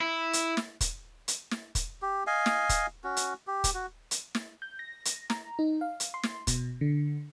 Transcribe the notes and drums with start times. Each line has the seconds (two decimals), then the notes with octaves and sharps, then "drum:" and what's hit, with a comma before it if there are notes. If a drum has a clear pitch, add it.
0.01 E4
0.33 drum: hi-hat
0.57 drum: snare
0.81 drum: kick, hi-hat
1.28 drum: hi-hat
1.51 drum: snare
1.75 drum: kick, hi-hat
2.02 G4
2.27 D#5 F5 G#5
2.46 drum: snare
2.69 drum: kick, hi-hat
3.04 C#4 F#4
3.17 drum: hi-hat
3.47 G4
3.64 drum: kick, hi-hat
3.74 F#4
4.11 drum: hi-hat
4.35 drum: snare
4.62 G6
4.79 A#6
5.05 drum: hi-hat
5.30 A#5, drum: snare
5.59 D#4
5.81 F5
6.00 drum: hi-hat
6.14 C6
6.23 drum: snare
6.47 B2, drum: kick, hi-hat
6.81 D3